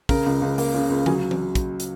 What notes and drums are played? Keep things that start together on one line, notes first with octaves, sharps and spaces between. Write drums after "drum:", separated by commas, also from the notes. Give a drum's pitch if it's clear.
C#3 A#4, drum: kick, open hi-hat
C#2
C#2
A#3, drum: open hi-hat
C#3
C#2
F#3 G#4, drum: tom D3
drum: tom E3
drum: kick, hi-hat
drum: hi-hat